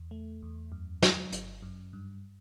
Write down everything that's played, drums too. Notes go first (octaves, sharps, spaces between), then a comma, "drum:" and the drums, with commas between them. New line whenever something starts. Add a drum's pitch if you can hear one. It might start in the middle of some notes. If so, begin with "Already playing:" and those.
Already playing: E2
A3
E2
F#2
F#3, drum: snare
G1, drum: hi-hat
F#2
G2